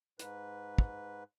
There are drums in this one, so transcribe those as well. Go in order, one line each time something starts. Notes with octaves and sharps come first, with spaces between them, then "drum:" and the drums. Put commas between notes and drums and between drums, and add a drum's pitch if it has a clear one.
G#2 B4, drum: hi-hat
drum: kick